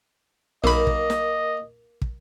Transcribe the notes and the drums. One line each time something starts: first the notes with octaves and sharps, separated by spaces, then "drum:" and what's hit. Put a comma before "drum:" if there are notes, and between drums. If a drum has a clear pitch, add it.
B1 A#3 A#4 D#5 B5
drum: kick
drum: snare
drum: kick